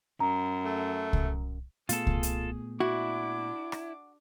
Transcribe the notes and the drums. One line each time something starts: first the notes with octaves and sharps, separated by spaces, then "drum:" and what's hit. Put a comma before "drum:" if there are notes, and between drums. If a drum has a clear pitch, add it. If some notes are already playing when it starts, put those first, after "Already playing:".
F#2 A#5
A3
drum: kick C2
A#2 A3 B3 F4 G#4 A4, drum: hi-hat
drum: kick C2
drum: hi-hat
D4 E4 F#4 D6
drum: rim click